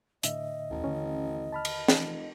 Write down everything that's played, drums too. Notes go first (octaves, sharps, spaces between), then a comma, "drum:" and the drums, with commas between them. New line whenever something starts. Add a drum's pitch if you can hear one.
A2 D3 D#5 E5, drum: hi-hat
E1 A1 D#2
D#2 D3 C#4
A5 B5 F6
drum: cymbal
F1 E3 C#4, drum: snare